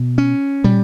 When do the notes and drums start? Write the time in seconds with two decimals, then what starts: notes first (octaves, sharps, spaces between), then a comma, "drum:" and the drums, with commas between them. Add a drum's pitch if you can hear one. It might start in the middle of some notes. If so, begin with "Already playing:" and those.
Already playing: B2
0.18 C#4
0.64 G3, drum: tom